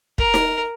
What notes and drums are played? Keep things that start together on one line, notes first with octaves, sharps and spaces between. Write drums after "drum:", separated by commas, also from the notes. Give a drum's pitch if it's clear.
A#4, drum: kick
drum: snare D#4